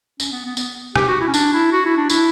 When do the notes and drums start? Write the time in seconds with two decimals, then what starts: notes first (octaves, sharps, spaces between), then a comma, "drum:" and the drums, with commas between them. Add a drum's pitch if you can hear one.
0.20 C#4, drum: tambourine
0.32 B3
0.45 B3
0.57 B3, drum: tambourine
0.96 G4, drum: rim click
1.08 F#4
1.21 E4
1.28 C#4
1.34 D4, drum: tambourine
1.53 E4
1.72 F#4
1.85 E4
1.97 D4
2.10 E4, drum: tambourine